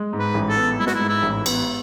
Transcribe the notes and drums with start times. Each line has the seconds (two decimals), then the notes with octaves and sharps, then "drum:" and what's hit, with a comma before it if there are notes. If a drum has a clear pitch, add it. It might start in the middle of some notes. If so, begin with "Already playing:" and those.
Already playing: G#3
0.13 G#2
0.19 B4
0.34 A1
0.49 A4
0.56 B3
0.80 G#3 E4
0.87 F#4, drum: snare
0.94 E4
1.01 G#2
1.09 E4
1.23 A1
1.46 B3, drum: cymbal